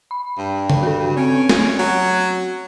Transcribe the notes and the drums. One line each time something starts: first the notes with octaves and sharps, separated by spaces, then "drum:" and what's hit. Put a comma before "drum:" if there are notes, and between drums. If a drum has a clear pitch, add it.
B5
G2
drum: tom C#3
F#4 A4
C4 C#4 D7
drum: snare
F#3